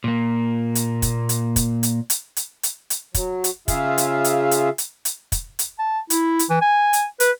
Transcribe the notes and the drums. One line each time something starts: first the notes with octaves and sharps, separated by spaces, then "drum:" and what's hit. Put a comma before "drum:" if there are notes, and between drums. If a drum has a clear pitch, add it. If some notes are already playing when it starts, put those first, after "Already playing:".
A#2 A#3
drum: hi-hat
drum: kick, hi-hat
drum: hi-hat
drum: kick, hi-hat
drum: hi-hat
drum: hi-hat
drum: hi-hat
drum: hi-hat
drum: hi-hat
F#3, drum: kick, hi-hat
drum: hi-hat
C#3 F4 G#4 E5 F5, drum: kick, hi-hat
drum: hi-hat
drum: hi-hat
drum: hi-hat
drum: hi-hat
drum: hi-hat
drum: kick, hi-hat
drum: hi-hat
A5
E4, drum: hi-hat
drum: hi-hat
E3
G#5
drum: hi-hat
B4, drum: hi-hat